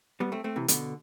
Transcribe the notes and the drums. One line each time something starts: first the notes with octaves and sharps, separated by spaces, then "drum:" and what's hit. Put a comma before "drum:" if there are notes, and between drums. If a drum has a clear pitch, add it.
G3 B3
A3 C4
A3 C4
C3 E3
B2 D3, drum: hi-hat